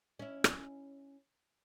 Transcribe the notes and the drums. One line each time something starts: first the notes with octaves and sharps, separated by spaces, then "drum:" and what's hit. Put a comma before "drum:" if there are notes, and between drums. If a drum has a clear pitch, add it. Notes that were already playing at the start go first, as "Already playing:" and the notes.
C#4 E4
drum: rim click